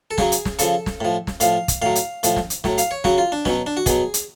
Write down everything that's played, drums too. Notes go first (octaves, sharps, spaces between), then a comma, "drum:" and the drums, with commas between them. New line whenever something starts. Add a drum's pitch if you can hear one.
A4
C#3 F#3 G#4, drum: snare
drum: hi-hat
drum: snare
C#3 F3 A4, drum: hi-hat
drum: snare
A2 F3
drum: snare
A2 F3 F5, drum: hi-hat
drum: kick, hi-hat
A2 F#3 F5
drum: hi-hat
A2 F3, drum: hi-hat
drum: snare
drum: hi-hat
A2 F#3, drum: snare
F5, drum: hi-hat
C#5
C#3 F#3 F#4, drum: snare
F4
D4
B2 F#3 C#4, drum: snare
D4
F#4
B2 F#3 G#4, drum: kick, hi-hat
drum: hi-hat